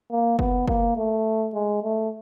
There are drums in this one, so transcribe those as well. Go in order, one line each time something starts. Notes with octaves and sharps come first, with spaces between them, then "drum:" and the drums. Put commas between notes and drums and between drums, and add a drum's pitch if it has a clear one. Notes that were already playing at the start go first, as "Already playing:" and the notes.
A#3
B3, drum: kick
A#3, drum: kick
A3
G#3
A3